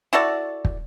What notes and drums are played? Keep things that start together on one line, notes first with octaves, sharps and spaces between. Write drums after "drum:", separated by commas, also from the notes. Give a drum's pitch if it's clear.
E4 F#4 A4 D5
drum: kick